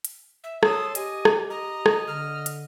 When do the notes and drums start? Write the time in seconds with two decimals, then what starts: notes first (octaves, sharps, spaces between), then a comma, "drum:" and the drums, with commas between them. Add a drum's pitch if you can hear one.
0.05 drum: hi-hat
0.44 E5
0.63 A4 C#5 A5 C6 D#6, drum: rim click
0.95 G4 D#5 G#5, drum: hi-hat
1.25 drum: rim click
1.50 D#5 A#5
1.86 drum: rim click
2.08 D3 F6
2.46 drum: hi-hat